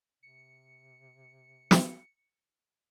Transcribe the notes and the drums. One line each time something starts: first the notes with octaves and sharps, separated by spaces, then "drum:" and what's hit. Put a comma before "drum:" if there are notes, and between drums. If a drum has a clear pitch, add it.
C3 C#7
drum: snare